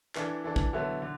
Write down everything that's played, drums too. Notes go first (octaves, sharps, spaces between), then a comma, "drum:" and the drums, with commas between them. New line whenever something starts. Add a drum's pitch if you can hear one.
E3 D4 A4, drum: clap
E3 D4 A4
drum: kick
D3 F#3 B3 E4 A4
D3